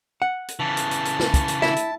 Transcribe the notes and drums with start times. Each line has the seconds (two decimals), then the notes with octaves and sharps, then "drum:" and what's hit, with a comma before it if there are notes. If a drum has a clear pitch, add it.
0.22 F#5
0.48 drum: hi-hat
0.60 C#3 E3 A5
0.77 drum: hi-hat
0.91 drum: hi-hat
1.05 drum: hi-hat
1.20 drum: snare
1.34 drum: kick, hi-hat
1.48 drum: hi-hat
1.62 E4 E5, drum: snare
1.76 drum: hi-hat